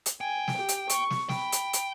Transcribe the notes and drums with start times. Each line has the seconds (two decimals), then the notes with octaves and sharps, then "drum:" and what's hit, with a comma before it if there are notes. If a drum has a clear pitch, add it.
0.06 drum: hi-hat
0.21 G5 G#5
0.48 drum: snare
0.57 G4
0.69 drum: hi-hat
0.89 C#6, drum: hi-hat
1.10 drum: snare
1.29 G5 B5, drum: snare
1.52 drum: hi-hat
1.73 drum: hi-hat